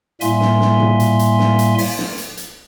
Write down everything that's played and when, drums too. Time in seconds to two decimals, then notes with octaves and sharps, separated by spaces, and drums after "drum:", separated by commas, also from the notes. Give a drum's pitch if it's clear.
0.21 A2 G3 A#3 E5 G#5 C6, drum: hi-hat
0.41 drum: snare
0.60 drum: snare
0.80 drum: tom A#2
1.00 drum: hi-hat
1.19 drum: hi-hat
1.39 drum: snare
1.59 drum: hi-hat
1.78 drum: open hi-hat
1.98 drum: snare
2.18 drum: hi-hat
2.37 drum: hi-hat